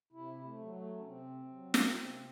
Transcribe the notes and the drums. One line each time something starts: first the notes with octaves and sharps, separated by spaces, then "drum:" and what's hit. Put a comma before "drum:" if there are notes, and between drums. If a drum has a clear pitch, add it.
C3 E4
A3
F#3
A3
C#4
C3 C4
F#3
drum: snare
C3